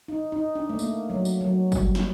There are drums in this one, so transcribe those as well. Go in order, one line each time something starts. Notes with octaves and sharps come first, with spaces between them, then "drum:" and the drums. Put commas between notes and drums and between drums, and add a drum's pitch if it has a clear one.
D#4
D#4
D4
A3
A#3, drum: tambourine
F#3
drum: tambourine
F#3
G3, drum: kick G1, tambourine
drum: snare